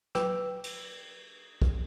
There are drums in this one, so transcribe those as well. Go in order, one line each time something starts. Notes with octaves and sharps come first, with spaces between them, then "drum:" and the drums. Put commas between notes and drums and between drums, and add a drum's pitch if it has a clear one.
F#3 B4 G5 D6 E6, drum: snare
drum: cymbal
drum: kick